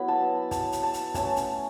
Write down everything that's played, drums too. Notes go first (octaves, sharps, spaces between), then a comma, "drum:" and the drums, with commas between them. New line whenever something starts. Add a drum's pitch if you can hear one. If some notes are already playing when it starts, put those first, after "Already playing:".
Already playing: F#3 B3 E4 B5
A5
A5, drum: kick, hi-hat
drum: hi-hat
A5
drum: hi-hat
A3 C#4 A5, drum: kick, hi-hat
drum: hi-hat